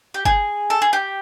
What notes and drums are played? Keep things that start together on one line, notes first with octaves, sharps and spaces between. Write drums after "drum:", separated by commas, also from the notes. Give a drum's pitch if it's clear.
G4
G#4, drum: kick G1
A4
G#4
G4